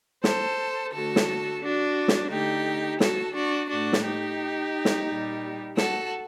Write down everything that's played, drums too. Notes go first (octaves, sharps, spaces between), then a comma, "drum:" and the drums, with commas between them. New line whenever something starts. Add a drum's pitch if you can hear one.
A4 C5, drum: snare
D3 A3 F#4 A4
drum: snare
D4 F#4
drum: snare
D3 A3 D#4 G4
F#4 A4, drum: snare
D4 F#4
A2 A3 D4 F#4
drum: snare
D#4 G4
drum: snare
A#2 G3
F#4 A4, drum: snare